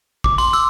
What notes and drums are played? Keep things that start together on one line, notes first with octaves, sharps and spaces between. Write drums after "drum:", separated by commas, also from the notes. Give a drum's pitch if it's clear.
D6, drum: kick
C6, drum: tambourine
E6, drum: tambourine